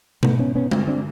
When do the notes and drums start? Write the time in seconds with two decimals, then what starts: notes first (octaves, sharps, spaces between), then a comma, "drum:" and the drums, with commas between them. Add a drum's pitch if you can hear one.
0.23 G#2 A3 B3, drum: tom B2
0.39 B3 C#4
0.55 B3 C#4
0.71 G2 D3 C4 D4, drum: tom G#3
0.87 C4 D4